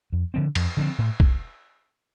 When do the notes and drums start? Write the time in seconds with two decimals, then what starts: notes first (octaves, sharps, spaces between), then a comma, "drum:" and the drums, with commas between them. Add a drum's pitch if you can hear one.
0.13 F2
0.34 D3 F3 C4
0.55 F2, drum: cymbal
0.77 D3 F3 C4
0.98 A2
1.20 drum: kick B1